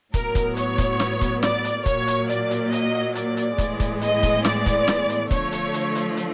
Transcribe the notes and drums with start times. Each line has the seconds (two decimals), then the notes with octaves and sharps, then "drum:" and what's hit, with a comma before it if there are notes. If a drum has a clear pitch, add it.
0.14 A2 F#3 B3 A#4, drum: kick, hi-hat
0.35 drum: kick, hi-hat
0.57 C#5, drum: hi-hat
0.78 drum: kick, hi-hat
1.00 drum: snare
1.21 drum: kick, hi-hat
1.43 D5, drum: snare
1.64 drum: hi-hat
1.86 A#2 F#3 A#3 C#5, drum: kick, hi-hat
2.08 drum: hi-hat
2.29 D5, drum: hi-hat
2.51 drum: hi-hat
2.72 D#5, drum: hi-hat
3.15 D5, drum: hi-hat
3.37 drum: hi-hat
3.58 A2 E3 G#3 B3, drum: kick, hi-hat
3.80 drum: kick, hi-hat
4.02 D#5, drum: hi-hat
4.23 drum: kick, hi-hat
4.45 D5, drum: snare
4.66 drum: kick, hi-hat
4.88 drum: snare
5.09 drum: hi-hat
5.31 D3 F3 A3 C#5, drum: kick, hi-hat
5.52 drum: hi-hat
5.74 drum: hi-hat
5.95 drum: hi-hat
6.17 drum: hi-hat